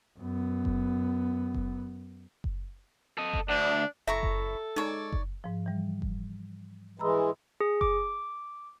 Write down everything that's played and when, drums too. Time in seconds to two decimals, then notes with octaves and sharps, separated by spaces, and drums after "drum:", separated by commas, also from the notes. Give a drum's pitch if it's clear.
0.19 F#2 B3
0.65 drum: kick F#1
1.54 drum: kick F#1
2.44 drum: kick F#1
3.18 A4 D#5
3.33 drum: kick F#1
3.49 D2 D4
4.07 F#1 E4 A4 E5 A#5 C#6
4.23 drum: kick F#1
4.76 G#3 D#4 C#5 D5 A#5
5.12 drum: kick F#1
5.44 G#2 F3
5.66 E3 G3
6.02 drum: kick F#1
6.99 E3 G#3 A#5 B5 E6
7.60 G#4
7.81 D6, drum: kick F#1